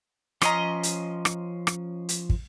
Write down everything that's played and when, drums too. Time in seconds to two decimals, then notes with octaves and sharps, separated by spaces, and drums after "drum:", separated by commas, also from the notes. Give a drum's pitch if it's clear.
0.42 F3 C#4 D#5 A#5 C6, drum: rim click
0.83 drum: hi-hat
1.25 drum: rim click
1.67 drum: rim click
2.09 drum: hi-hat
2.29 drum: kick